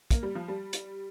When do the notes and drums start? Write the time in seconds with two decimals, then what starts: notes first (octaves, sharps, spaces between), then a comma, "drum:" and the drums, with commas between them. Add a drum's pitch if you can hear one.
0.11 A#3, drum: kick, hi-hat
0.23 G3
0.35 F3
0.48 G3
0.73 drum: hi-hat